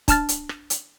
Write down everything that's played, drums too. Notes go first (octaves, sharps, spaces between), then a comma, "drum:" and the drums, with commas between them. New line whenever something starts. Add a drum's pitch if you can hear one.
D4 A5 F6 A6, drum: kick, hi-hat
drum: hi-hat
drum: rim click
drum: hi-hat